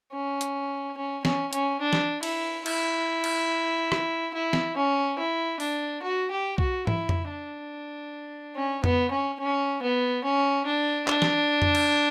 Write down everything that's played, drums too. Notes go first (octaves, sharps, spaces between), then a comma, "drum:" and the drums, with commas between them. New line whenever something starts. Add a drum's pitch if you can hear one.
C#4
drum: hi-hat
C#4
C#4, drum: snare
C#4, drum: hi-hat
D4
drum: snare
E4, drum: cymbal
E4, drum: cymbal
drum: cymbal
drum: rim click
E4
drum: snare
C#4
E4
D4, drum: open hi-hat
F#4
G4
F#4, drum: kick B1
E4, drum: tom
drum: tom F2
D4
C#4
B3, drum: tom F2
C#4
C#4
B3
C#4
D4
D4, drum: clap
drum: snare
drum: tom F2
drum: cymbal